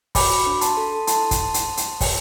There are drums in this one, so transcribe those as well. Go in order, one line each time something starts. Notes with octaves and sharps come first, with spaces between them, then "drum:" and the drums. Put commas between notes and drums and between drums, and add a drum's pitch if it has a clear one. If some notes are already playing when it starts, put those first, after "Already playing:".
F#4 B5 D6, drum: kick, open hi-hat
D4
A5 C6, drum: hi-hat
A4
E4 A5 C6, drum: hi-hat
drum: kick, hi-hat
drum: hi-hat
drum: hi-hat
drum: kick, open hi-hat